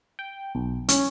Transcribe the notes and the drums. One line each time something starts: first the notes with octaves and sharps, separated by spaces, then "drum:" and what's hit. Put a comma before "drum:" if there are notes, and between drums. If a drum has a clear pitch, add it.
G5
B1
C#4, drum: hi-hat